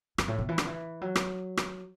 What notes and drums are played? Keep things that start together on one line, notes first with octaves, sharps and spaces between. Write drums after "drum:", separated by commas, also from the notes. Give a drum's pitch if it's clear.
F#2, drum: rim click
A2
B2
E3
D3, drum: rim click
E3
F#3
drum: rim click
drum: rim click